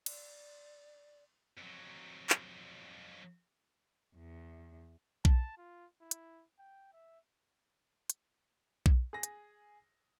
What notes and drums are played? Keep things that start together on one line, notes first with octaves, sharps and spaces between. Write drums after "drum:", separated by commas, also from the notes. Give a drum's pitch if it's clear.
D5, drum: cymbal
F2 F#3
drum: clap
E2
A5, drum: kick B1
F4
E4
drum: hi-hat
G5
E5
drum: hi-hat
drum: kick B1
G#4 A#6
drum: hi-hat